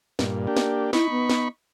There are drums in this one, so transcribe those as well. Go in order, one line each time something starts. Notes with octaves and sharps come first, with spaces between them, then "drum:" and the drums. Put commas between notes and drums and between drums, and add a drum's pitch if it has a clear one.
G2 A#2, drum: snare
A#3 D4 G4
drum: snare
D#4 E4 B5 C#6, drum: snare
B3
drum: snare